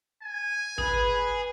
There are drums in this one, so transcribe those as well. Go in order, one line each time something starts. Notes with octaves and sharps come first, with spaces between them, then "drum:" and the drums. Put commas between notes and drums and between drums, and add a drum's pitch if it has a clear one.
G#5
G#4 B4, drum: kick G#1